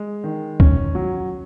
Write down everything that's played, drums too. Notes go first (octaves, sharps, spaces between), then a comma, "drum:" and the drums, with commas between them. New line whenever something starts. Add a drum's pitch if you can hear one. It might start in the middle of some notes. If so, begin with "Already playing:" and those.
Already playing: G#3
D#3
C#4, drum: kick
F#3